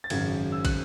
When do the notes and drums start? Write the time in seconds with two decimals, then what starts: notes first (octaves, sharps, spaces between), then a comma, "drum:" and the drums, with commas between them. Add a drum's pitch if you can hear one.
0.04 A6
0.10 G#1 F#2 C#3 G#6, drum: cymbal
0.52 E6
0.65 F#6, drum: kick, cymbal